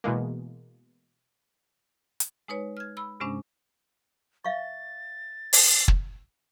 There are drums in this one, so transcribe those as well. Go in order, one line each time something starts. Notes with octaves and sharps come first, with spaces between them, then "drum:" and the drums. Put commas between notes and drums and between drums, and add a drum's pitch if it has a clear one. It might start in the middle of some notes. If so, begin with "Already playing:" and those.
B2 E3 G#3 A#3
drum: hi-hat
G#3 D#4 B4 C#5
F6 G#6
B5 E6
G2 C3 G#3 C#4 D4
E5 F5 C#6 A6
drum: open hi-hat
drum: kick